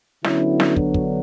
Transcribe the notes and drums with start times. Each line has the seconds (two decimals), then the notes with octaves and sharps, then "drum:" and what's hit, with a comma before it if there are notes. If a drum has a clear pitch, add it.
0.24 D3 F#3 B3 C#4 E4, drum: snare
0.60 drum: snare
0.76 D4 F#4, drum: kick
0.94 drum: kick